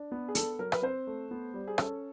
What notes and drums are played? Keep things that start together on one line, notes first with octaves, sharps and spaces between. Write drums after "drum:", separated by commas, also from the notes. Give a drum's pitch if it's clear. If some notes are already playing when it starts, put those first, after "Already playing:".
Already playing: D4
B3
G#4
B3 A4, drum: hi-hat
F#3 A#4
B4, drum: rim click
C4 C5
A3
B3
G3
G#4
C#4 A4, drum: rim click